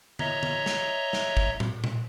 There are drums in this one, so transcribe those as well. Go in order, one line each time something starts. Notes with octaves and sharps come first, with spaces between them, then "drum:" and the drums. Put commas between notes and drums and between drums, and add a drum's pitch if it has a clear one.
C#5 D#5 E5 A#5, drum: tom D3
drum: tom D3
drum: snare
drum: snare
drum: kick
drum: tom A2
drum: tom A#2